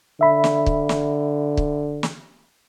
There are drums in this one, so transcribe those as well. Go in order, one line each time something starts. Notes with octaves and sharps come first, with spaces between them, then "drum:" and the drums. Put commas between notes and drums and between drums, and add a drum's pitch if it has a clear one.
D3 E5 B5
drum: snare
drum: kick
drum: snare
drum: kick
drum: snare